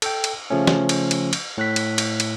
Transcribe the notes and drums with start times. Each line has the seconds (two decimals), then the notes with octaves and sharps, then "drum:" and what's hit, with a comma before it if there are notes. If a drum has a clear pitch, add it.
0.02 A4 G5, drum: cymbal
0.24 drum: cymbal
0.50 C#3 F3 A3 C#4
0.67 drum: snare
0.89 drum: cymbal
1.11 drum: cymbal
1.33 drum: cymbal
1.58 A2 F#6 B6
1.76 drum: cymbal
1.98 drum: cymbal
2.20 drum: cymbal